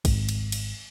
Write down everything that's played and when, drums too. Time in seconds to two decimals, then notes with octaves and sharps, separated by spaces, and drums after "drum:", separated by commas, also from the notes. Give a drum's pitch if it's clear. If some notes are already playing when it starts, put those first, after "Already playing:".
0.05 G#1, drum: kick, cymbal
0.29 drum: cymbal
0.52 drum: cymbal